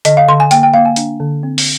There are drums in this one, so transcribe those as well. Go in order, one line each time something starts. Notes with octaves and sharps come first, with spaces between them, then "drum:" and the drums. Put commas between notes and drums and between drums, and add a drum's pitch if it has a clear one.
D3 D#5, drum: hi-hat
F5
D3 C6
G#5
A#3 G5, drum: hi-hat
G5
A#3 F5
G#5
D4, drum: hi-hat
D3
C4
drum: open hi-hat